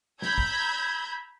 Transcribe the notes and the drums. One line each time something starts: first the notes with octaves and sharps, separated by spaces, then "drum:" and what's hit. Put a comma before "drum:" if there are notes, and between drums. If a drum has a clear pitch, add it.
A#5 B5 E6 G6 G#6, drum: snare
drum: kick